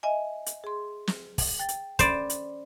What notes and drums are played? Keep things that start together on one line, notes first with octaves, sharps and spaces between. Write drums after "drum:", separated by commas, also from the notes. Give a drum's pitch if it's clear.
D#5 E5 G#5
drum: hi-hat
G#4 C6
drum: snare
drum: kick, open hi-hat
G5 A6
drum: hi-hat
C#4 C5 D5 B5, drum: kick, hi-hat
drum: hi-hat